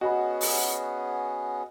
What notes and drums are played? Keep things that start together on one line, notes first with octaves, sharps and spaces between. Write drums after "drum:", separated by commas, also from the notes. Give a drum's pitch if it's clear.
B3 C#4 F#4 G#4 D#5 F#5 B5
drum: open hi-hat